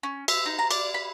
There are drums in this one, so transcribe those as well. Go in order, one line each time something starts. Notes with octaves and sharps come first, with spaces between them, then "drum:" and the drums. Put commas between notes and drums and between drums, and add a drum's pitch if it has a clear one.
C#4
E5, drum: cymbal
D#4
A#5
D5, drum: cymbal
B5